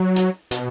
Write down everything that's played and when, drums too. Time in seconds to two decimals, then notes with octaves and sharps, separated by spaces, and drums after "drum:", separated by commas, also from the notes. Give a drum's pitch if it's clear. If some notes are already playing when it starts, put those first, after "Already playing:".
Already playing: F#3
0.16 drum: hi-hat
0.51 B2, drum: hi-hat